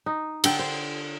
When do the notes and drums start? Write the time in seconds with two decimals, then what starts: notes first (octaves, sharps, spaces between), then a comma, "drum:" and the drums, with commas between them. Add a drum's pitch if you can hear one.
0.06 D#4
0.44 D3 A4 G5, drum: cymbal
0.59 C5